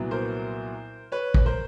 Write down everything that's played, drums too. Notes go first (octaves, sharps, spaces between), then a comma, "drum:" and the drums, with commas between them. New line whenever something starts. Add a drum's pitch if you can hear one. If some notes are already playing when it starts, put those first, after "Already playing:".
Already playing: C2 A#2 F#3 B3
A#4 C5
B4 C#5
drum: kick
A#4 C5